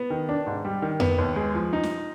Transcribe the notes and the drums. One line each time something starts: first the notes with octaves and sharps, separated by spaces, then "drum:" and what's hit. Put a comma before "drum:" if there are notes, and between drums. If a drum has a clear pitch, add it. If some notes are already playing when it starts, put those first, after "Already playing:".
Already playing: B3
D#3
D4
G#2
G3
D#3
B3, drum: tom F2
D#2
G#3
F3
D#4
drum: snare